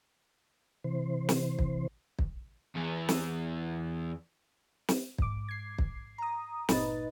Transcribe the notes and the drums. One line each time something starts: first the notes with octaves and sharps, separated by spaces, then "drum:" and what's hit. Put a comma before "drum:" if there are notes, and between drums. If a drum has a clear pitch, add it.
C3 E3 C5
drum: snare
drum: kick
drum: kick
E2 E3
drum: snare
drum: snare
G#2 D6, drum: kick
G#6 C7
drum: kick
A#5 D#6
G1 A#2 D#4 B4 D#5 A6, drum: snare